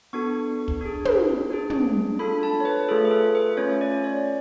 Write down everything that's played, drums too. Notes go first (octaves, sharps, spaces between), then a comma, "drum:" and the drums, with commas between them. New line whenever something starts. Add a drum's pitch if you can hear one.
B3 D4 F#4 A4 C#6
drum: kick
D4 G#4
drum: tom
D4 G#4
drum: tom
D4 F4 A4 B5
A5
C#5
B4
A3 F4 G#4 A4
B4
A4
B4
A3 C#4 F4 C#5
D5
C#5